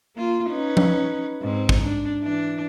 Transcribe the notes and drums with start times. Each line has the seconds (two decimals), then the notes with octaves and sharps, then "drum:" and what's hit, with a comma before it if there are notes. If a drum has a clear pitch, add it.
0.16 A#3 F4
0.49 C#4 D#4 B4
0.77 drum: tom F3
1.41 G#2 C4
1.69 drum: kick
1.81 D4
2.23 E3 D4